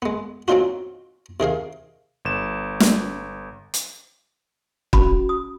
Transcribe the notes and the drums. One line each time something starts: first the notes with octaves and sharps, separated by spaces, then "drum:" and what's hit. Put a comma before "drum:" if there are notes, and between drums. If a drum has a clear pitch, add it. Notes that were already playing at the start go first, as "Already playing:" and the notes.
G#3 B3
F#3 C4 C#4 D#4 F4 F#4
C3 D#3 G#4 F5
G1 E7
drum: snare
drum: hi-hat
C#4 F#4 B5, drum: kick
D#6